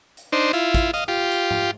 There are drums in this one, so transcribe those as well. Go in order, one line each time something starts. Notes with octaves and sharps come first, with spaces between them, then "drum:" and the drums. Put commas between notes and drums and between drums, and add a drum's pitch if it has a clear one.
drum: hi-hat
D4 D#4 C5
E4 F4, drum: hi-hat
drum: kick, hi-hat
D#5 F5, drum: hi-hat
F4 G4
drum: hi-hat
drum: tom G#2